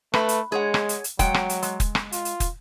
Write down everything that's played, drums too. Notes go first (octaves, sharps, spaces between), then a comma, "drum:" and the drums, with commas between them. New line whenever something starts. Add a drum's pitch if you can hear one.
A3 B4, drum: rim click
drum: hi-hat
G#3 G#4 C#5 F#5
drum: rim click
drum: hi-hat
drum: hi-hat
F#3 G#3 F#5 G5, drum: kick, hi-hat
drum: rim click
drum: hi-hat
G#3, drum: hi-hat
drum: kick, hi-hat
drum: rim click
F4, drum: hi-hat
drum: hi-hat
drum: kick, hi-hat